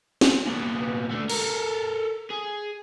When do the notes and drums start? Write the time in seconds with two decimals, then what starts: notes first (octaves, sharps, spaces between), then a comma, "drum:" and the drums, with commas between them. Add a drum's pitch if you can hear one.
0.21 drum: snare
0.47 A#2 B3
1.11 A3 D4
1.30 A4 A#4, drum: cymbal
2.30 G#4